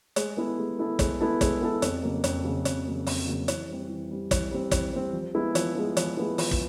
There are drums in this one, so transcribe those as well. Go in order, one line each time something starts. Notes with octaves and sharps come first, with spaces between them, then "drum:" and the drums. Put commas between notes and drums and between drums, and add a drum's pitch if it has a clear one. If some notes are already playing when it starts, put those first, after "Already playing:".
G#3, drum: hi-hat
B3 E4 A4
G#3
B3 E4 A4
G#3, drum: kick, hi-hat
B3 E4 A4
G#3, drum: kick, hi-hat
B3 E4 A4
F2, drum: hi-hat
C#3 F#3 A#3
F2, drum: hi-hat
C#3 F#3 A#3
F2, drum: hi-hat
C#3 F#3 A#3
F2, drum: open hi-hat
C#3 F#3 A#3
E3, drum: hi-hat
G3 C4
E3
G3 C4
E3, drum: kick, hi-hat
G3 C4
E3, drum: kick, hi-hat
G3 C4
F3
G#3 B3 E4
F3, drum: hi-hat
G#3 B3 E4
F3, drum: hi-hat
G#3 B3 E4
F3, drum: open hi-hat
drum: kick